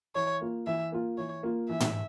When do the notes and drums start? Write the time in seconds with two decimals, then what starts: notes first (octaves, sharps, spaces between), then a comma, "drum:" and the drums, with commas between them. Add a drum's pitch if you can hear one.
0.15 E3 C#5
0.41 A#3 F4
0.67 E3 E5
0.92 A#3 F4
1.18 E3 C#5
1.43 A#3 F4
1.69 E3 E5
1.80 drum: tom